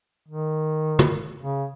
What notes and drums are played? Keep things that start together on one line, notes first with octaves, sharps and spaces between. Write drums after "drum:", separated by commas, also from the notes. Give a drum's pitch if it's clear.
D#3
drum: tom
C#3